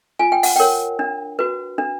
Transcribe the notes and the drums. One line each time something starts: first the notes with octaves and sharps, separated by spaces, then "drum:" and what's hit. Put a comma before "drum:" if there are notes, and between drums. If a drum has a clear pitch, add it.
F4 G#5
G5
F#5, drum: open hi-hat
A#4 C#5 G5
D4
F#4 B4
D4